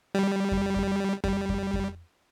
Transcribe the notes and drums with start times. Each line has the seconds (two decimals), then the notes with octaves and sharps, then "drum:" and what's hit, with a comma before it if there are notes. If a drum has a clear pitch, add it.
0.15 G3
0.51 drum: kick F2
0.76 drum: kick F2
1.24 G3, drum: kick F2
1.49 drum: kick F2
1.73 drum: kick F2